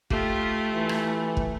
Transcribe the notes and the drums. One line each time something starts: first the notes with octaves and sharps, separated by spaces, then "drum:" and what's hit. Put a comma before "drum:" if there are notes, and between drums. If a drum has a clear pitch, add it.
A3 F4 G4, drum: kick
E3
drum: rim click
drum: kick